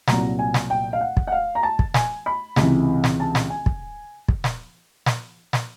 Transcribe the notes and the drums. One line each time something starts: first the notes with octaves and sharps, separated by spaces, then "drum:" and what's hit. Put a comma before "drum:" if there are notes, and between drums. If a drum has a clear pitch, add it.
C2 A#2 F#3 A#5, drum: snare
G#5
drum: snare
G5
F5
F#5
drum: kick
F#5
F5
A#5
A5
drum: kick
G#5, drum: snare
B5
C#2 C3 E3, drum: snare
drum: snare
A5
drum: snare
G#5
drum: kick
drum: kick
drum: snare
drum: snare
drum: snare